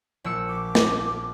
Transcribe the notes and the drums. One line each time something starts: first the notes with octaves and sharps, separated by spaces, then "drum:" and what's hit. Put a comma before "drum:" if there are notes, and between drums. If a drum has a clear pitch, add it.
A#1 E6 C#7
D6
drum: snare